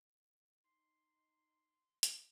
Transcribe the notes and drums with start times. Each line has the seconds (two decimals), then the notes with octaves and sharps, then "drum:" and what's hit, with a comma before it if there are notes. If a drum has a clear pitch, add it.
0.64 D#4 C6
2.03 drum: hi-hat